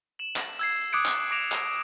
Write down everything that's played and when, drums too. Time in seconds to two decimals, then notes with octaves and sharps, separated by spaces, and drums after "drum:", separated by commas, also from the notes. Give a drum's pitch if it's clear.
0.19 E7 F#7
0.36 drum: clap
0.59 E6 G#6 C7, drum: open hi-hat
0.93 D6 D#6 F#6 G#6 C#7 D7
1.06 drum: clap
1.31 D6 A#6 D7 E7 F7
1.52 drum: clap